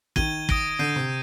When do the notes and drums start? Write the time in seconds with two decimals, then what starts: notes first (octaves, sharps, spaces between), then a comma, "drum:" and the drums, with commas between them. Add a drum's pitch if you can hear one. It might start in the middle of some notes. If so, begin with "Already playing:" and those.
0.16 D#3 G#6 D#7 G7, drum: kick
0.49 D#6 A#6 D7 G7, drum: kick
0.79 D3 G6 C7 D#7
0.96 C3